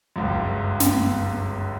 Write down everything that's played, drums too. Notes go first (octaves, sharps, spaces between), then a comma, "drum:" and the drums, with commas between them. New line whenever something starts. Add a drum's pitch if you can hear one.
G1 C#2 F#2
drum: snare